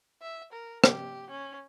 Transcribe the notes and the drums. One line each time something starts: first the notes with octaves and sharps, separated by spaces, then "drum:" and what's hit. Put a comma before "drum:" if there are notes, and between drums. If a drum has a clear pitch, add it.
E5
A#4
G4, drum: rim click
C#4